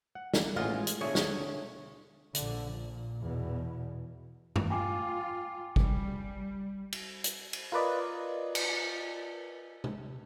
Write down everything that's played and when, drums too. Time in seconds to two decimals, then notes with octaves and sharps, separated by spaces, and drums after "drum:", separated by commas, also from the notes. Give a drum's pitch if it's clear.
0.15 F#5
0.34 drum: snare
0.56 A1 A#2 F4 G#4 D#5 F#5
0.74 G#3
0.87 drum: hi-hat
1.01 B2 D3 G#4 C#5 E5
1.15 drum: snare
2.35 A#1 D3, drum: hi-hat
2.72 A#2
3.21 E2 B2
4.56 drum: tom G2
4.70 F4 G5 G#5 D6
5.76 G3, drum: kick
6.92 drum: cymbal
7.24 drum: hi-hat
7.53 drum: cymbal
7.72 F4 A#4 B4 D5 D#5
8.55 drum: cymbal
9.84 drum: tom C3